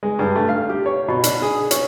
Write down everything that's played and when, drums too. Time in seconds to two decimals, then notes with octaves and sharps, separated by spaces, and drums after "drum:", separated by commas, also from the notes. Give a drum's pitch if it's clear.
0.03 G#3
0.19 G2
0.36 A3
0.49 F5
0.70 G4
0.86 C#5
1.08 B2
1.24 D4, drum: hi-hat
1.42 G#4
1.71 C#5, drum: hi-hat